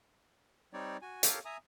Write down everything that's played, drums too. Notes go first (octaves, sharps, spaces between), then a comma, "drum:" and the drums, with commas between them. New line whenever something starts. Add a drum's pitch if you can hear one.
G3 C4 D#4 C#5 D5
F#4 G#5
G4 A4 A#4 C#5 F5, drum: hi-hat
E5 G#5 A#5 D#6